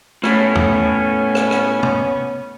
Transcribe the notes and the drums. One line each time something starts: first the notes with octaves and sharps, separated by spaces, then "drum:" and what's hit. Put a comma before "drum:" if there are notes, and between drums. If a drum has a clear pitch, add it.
A2 B3 C#4, drum: rim click
drum: tom E2
drum: rim click
drum: rim click
drum: tom